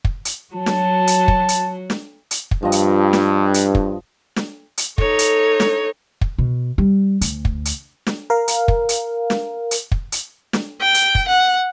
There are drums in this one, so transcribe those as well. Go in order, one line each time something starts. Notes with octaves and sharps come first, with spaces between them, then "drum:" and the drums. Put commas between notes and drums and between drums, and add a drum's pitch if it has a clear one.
drum: kick
drum: hi-hat
F#3 F#4 A5
drum: snare
drum: hi-hat
drum: kick
drum: hi-hat
drum: snare
drum: hi-hat
drum: kick
G2 F3 D#5
drum: hi-hat
drum: snare
drum: hi-hat
drum: kick
drum: snare
drum: hi-hat
D#4 A4 C#5, drum: kick
drum: hi-hat
drum: snare
drum: kick
B2
G3
D2, drum: hi-hat
drum: kick
drum: hi-hat
drum: snare
A#4 F5
drum: hi-hat
drum: kick
drum: hi-hat
drum: snare
drum: hi-hat
drum: kick
drum: hi-hat
drum: snare
G5
drum: hi-hat
drum: kick
F#5